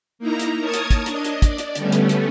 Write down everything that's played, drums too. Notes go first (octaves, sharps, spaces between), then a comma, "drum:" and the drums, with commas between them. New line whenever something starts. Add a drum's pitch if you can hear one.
A#3 D#4 E4 A#5
drum: hi-hat
A#4 C#5 A5 D#6 G#6
drum: hi-hat
drum: kick, hi-hat
D4 D#5, drum: hi-hat
drum: hi-hat
D5, drum: kick, hi-hat
drum: hi-hat
D3 G3 A3 B3 C#4, drum: hi-hat
drum: hi-hat
drum: hi-hat